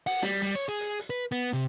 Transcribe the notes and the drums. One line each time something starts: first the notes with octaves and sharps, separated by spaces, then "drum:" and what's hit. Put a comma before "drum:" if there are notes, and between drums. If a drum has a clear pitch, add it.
F#5, drum: open hi-hat
G3, drum: snare
G3, drum: hi-hat
C#5
G#4
drum: hi-hat
drum: hi-hat
B4
B3
C3